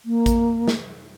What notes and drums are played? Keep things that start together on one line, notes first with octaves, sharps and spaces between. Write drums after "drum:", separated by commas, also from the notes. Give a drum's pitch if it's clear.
A#3
drum: kick A1, hi-hat
drum: snare